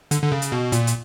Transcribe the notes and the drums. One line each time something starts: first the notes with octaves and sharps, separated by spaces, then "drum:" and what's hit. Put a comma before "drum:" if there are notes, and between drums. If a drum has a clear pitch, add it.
D3, drum: hi-hat
D3
C#3
drum: hi-hat
B2
A#2, drum: hi-hat
drum: hi-hat